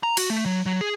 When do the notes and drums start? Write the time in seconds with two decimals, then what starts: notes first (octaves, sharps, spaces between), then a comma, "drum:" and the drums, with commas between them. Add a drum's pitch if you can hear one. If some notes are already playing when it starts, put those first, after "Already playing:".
0.03 A#5
0.17 F#4, drum: cymbal
0.30 A3
0.46 F#3
0.66 F#3
0.81 G#4